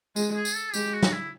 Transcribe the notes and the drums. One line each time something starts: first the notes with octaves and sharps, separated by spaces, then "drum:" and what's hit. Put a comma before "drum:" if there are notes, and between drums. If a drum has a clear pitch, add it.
G#3, drum: tambourine
G#4
drum: tambourine
A4
G#3 G4, drum: tambourine
F#4
drum: snare
E4